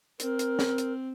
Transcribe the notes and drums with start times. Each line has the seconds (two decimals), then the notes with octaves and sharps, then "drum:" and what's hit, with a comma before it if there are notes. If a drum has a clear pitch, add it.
0.20 C4 A#4, drum: hi-hat
0.39 drum: hi-hat
0.59 drum: snare
0.78 drum: hi-hat